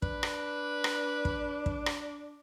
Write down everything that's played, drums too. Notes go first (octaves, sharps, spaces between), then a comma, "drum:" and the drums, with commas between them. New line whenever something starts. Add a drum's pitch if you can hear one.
D4 B4, drum: kick
drum: rim click
drum: rim click
drum: kick
drum: kick
drum: rim click